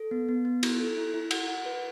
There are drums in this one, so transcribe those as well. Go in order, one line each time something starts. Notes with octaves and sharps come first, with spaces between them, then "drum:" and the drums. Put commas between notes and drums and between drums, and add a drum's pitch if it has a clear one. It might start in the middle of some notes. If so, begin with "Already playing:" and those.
Already playing: A4
B3
B3
B3
E4, drum: cymbal
A4
E4
E4
F#5, drum: cymbal
F#5
B4